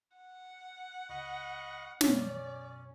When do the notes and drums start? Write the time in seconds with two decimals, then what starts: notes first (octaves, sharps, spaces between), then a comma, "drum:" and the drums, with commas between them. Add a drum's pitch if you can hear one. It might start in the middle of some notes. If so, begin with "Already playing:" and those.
0.17 F#5
1.09 C#2 D#5 B5 C#6
2.01 F#2 B2 C#4 C#5 D5, drum: snare